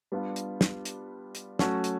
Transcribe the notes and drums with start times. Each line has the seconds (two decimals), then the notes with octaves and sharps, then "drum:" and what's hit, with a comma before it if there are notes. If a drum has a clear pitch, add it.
0.12 G3 B3 D4 F4
0.36 drum: hi-hat
0.61 drum: snare
0.85 drum: hi-hat
1.35 drum: hi-hat
1.59 F#3 A3 C#4 F#4, drum: snare
1.84 drum: hi-hat